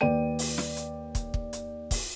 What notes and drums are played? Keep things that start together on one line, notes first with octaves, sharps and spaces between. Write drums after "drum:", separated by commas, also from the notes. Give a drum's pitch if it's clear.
D#2 B4 D5 G5 D#7
drum: open hi-hat
drum: snare
drum: hi-hat
drum: kick, hi-hat
drum: kick
drum: hi-hat
drum: kick, open hi-hat